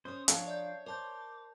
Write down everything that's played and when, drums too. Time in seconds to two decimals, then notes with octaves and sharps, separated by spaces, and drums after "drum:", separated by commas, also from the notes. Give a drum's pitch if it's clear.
0.05 C#4 C5 C#5 D#6
0.28 F3 D4 C#5 F5 A5 A#5 D#6, drum: hi-hat
0.47 D5 E5 G6
0.86 A#4 C5 A5 D6 G6